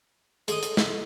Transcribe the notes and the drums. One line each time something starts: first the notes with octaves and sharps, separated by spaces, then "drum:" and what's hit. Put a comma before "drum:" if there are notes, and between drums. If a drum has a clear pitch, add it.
G#3 A4 D#6, drum: hi-hat
drum: hi-hat
drum: snare